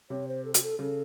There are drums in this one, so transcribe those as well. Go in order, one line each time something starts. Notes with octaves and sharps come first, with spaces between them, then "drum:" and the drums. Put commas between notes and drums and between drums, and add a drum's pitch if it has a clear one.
C3 C#5
C5
A4
F#4, drum: hi-hat
A4
C#3 A4